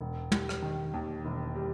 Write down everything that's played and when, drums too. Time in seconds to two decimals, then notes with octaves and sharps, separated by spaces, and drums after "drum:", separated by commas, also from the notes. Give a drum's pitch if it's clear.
0.01 E1
0.32 G3, drum: tom
0.49 drum: rim click
0.62 D#3
0.94 D#2
1.25 E1
1.55 G3